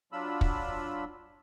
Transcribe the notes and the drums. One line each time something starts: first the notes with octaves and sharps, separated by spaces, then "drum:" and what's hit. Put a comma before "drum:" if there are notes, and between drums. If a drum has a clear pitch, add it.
F#3 D4 F4 B5 E6
drum: kick